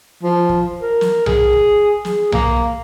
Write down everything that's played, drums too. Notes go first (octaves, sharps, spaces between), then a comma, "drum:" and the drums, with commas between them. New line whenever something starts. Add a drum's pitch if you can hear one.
F3
drum: kick
A#4
drum: snare
G#4, drum: tom B1
drum: kick
G#4, drum: snare
A#3, drum: tom B1
drum: kick